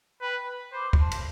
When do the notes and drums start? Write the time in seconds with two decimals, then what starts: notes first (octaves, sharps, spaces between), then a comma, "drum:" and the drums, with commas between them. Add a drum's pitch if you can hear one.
0.21 B4 G5 B5
0.72 C5 B5 D6
0.93 D6, drum: kick
0.98 A5 C6
1.11 drum: cymbal